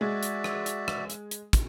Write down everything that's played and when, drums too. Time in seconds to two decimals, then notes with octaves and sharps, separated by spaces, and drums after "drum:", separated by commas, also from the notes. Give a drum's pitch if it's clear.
0.01 G#3 F#4 D5 E5
0.23 drum: hi-hat
0.44 drum: rim click
0.66 drum: hi-hat
0.88 drum: rim click
1.10 drum: hi-hat
1.31 drum: hi-hat
1.53 drum: kick, hi-hat